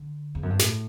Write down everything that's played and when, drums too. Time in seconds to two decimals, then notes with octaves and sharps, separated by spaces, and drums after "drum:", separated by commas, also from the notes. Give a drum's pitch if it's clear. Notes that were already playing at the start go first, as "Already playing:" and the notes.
Already playing: D3
0.35 E2
0.43 F#2
0.50 G2
0.59 A2, drum: snare